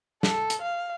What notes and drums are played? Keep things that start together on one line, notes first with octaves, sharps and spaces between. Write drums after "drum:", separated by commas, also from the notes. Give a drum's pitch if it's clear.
A4, drum: snare
drum: hi-hat
F5